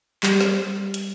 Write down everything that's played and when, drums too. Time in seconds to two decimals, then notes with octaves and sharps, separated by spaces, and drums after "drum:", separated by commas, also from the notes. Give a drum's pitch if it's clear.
0.23 G3, drum: clap
0.41 drum: snare
0.94 drum: hi-hat